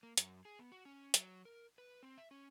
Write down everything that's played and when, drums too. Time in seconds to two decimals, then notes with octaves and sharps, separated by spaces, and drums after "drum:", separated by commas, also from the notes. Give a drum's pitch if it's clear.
0.03 A#3
0.17 F#2, drum: hi-hat
0.45 G#4
0.59 B3
0.72 F#4
0.85 C#4
1.14 F#3, drum: hi-hat
1.45 A#4
1.78 B4
2.03 C4
2.18 E5
2.31 C#4